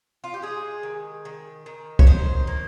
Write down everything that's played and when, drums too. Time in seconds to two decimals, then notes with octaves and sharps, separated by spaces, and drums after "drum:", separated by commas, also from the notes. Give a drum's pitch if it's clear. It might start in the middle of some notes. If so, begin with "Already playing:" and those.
0.24 F4
0.34 G4
0.42 G#3 G#4
0.83 D#3
1.25 D#3
1.66 D#3
1.99 C#5, drum: kick
2.07 D#3 C5
2.47 A#3